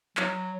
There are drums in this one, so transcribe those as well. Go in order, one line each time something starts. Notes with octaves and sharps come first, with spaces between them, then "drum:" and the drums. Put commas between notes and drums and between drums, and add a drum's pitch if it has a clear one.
F#3, drum: clap